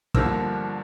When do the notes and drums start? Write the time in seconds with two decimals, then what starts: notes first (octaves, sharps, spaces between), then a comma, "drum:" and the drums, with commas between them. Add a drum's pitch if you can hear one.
0.15 G1 G2 D3 F3 A#3 E6, drum: kick